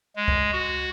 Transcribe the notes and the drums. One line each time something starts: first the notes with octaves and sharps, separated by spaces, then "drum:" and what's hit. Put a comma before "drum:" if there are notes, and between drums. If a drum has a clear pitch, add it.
G#3
drum: kick C#2
F#4